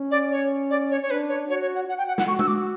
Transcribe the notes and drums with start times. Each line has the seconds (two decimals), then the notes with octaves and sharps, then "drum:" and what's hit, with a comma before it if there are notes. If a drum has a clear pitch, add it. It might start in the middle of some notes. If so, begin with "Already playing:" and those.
Already playing: C#4
0.11 D5
0.32 C#5
0.70 D5
0.91 C#5
1.02 C#5
1.10 D4 B4
1.29 C#5
1.49 F#4 C#5
1.62 C#5
1.75 F#5
1.89 F#5
1.98 G5
2.08 F#5
2.18 F#5, drum: snare
2.28 F#4 C#6
2.39 E6, drum: tom G#3
2.47 D6